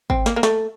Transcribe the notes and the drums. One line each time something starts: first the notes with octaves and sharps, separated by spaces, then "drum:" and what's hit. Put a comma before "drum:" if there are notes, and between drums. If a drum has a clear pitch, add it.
C4, drum: kick
A#3, drum: snare
A#3
A3, drum: snare